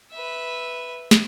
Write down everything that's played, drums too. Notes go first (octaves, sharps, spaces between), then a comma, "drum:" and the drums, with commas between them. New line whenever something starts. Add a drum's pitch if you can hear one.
B4 E5
drum: snare